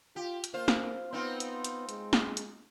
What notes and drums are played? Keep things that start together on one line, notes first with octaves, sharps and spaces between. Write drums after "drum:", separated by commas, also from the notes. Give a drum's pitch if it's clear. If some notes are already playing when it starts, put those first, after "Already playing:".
F4 G4
drum: hi-hat
A#3 F4 C5
drum: snare
B3 C4 D#4 F4
drum: hi-hat
drum: hi-hat
G#3, drum: hi-hat
drum: snare
drum: hi-hat